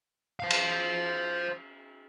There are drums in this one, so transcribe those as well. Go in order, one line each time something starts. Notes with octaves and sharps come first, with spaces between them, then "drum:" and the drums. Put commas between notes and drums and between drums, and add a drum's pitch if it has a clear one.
C5 F5
drum: cymbal